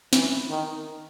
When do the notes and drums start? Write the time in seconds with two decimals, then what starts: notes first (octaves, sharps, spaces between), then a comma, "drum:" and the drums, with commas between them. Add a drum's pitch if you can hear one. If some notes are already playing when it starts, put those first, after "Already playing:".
0.13 E3, drum: snare
0.50 D#3